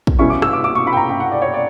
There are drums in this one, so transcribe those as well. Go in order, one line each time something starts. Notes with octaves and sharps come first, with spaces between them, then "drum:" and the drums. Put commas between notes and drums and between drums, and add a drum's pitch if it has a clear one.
drum: kick
B2 G3 C#4 E4 C#6
D6
E6, drum: rim click
D6
D6
C#6
B5
G5
A#5
G5
F#5
D5
C#5
D5